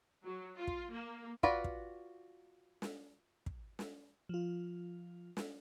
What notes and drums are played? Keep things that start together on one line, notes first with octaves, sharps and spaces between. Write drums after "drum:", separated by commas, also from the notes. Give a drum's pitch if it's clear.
F#3
F4
drum: kick
A#3
F4 F#4 B4 D5, drum: kick
drum: kick
drum: snare
drum: kick
drum: snare
F3 F4
drum: snare